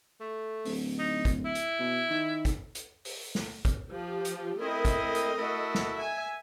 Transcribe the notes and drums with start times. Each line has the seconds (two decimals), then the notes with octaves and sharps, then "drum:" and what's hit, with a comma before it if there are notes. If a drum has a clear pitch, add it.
0.21 A3
0.65 D1, drum: open hi-hat
0.99 D#4
1.25 drum: kick, hi-hat
1.45 E4
1.55 drum: hi-hat
1.79 B2
2.10 D#3
2.45 drum: kick, hi-hat
2.75 drum: hi-hat
3.05 drum: open hi-hat
3.35 drum: snare
3.65 drum: kick, hi-hat
3.92 F3 G4
4.25 drum: hi-hat
4.61 A3 C4 E4 A#4 D#5
4.85 drum: kick, hi-hat
5.15 drum: hi-hat
5.38 E4 F#4 A4
5.75 drum: snare
5.97 E5 G#5